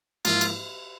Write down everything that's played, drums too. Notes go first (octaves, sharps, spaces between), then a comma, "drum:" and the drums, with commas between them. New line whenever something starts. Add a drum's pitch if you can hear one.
G#2 F3 A#3 E4 F4, drum: cymbal
drum: cymbal